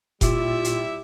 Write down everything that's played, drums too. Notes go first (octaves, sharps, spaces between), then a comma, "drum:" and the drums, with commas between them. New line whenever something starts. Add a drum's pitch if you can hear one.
A#2 G3 E4 F4 G4 E5 D6, drum: kick F1, hi-hat
drum: hi-hat